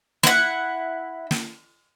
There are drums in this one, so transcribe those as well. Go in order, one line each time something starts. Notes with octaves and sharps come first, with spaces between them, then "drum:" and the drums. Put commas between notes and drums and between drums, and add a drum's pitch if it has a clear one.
E4 F#5, drum: snare
drum: snare